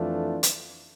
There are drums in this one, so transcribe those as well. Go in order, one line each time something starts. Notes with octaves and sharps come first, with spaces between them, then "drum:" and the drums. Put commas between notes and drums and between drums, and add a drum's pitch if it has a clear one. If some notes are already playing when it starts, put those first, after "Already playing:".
Already playing: F2 E3 A3 D4 F4
drum: hi-hat